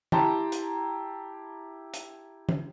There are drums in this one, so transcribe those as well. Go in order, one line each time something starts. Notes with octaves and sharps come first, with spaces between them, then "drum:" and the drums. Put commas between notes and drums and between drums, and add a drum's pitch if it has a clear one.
E4 G4 G5 A5 A#5 C6, drum: tom E3
drum: hi-hat
drum: hi-hat
drum: tom E3